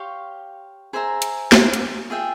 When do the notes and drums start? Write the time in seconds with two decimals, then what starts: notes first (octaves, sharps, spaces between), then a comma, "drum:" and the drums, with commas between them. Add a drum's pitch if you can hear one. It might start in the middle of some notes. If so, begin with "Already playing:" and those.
Already playing: G4 C#5 F5 C6
0.93 G#4 C5 E5 A#5
1.22 drum: hi-hat
1.52 drum: snare
1.74 drum: hi-hat
2.10 F4 G#4 E5 G5